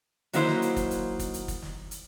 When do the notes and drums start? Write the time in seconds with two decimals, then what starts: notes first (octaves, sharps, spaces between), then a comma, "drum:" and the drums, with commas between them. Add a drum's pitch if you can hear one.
0.33 D#3 F#3 A#3 D#4 E4 C5, drum: hi-hat
0.48 drum: snare
0.62 drum: hi-hat
0.76 drum: kick, hi-hat
0.91 drum: hi-hat
1.19 drum: kick, hi-hat
1.34 drum: hi-hat
1.48 drum: kick, hi-hat
1.62 drum: snare
1.91 drum: hi-hat